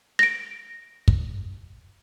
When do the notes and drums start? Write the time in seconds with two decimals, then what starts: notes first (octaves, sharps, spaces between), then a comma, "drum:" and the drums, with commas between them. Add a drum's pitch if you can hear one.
0.19 A#6 D7
1.08 drum: kick